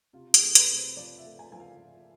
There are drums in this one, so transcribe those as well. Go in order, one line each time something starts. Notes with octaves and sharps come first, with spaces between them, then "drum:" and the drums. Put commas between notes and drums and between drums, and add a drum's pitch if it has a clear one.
C3 F4
G#4, drum: hi-hat
A3
B4, drum: hi-hat
C3
C5
F3 D5
E5
A3
G#5
F3 G#5
F5